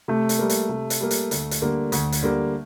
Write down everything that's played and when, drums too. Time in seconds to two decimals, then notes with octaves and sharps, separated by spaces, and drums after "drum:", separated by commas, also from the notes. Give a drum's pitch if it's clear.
0.08 C3 A3
0.29 drum: hi-hat
0.39 G3 A#3
0.50 drum: hi-hat
0.69 C3
0.90 drum: hi-hat
1.01 G3 A#3
1.11 drum: hi-hat
1.31 D2, drum: hi-hat
1.51 drum: hi-hat
1.62 D3 G3 A#3
1.92 D2, drum: hi-hat
2.12 drum: hi-hat
2.23 D3 G3 A#3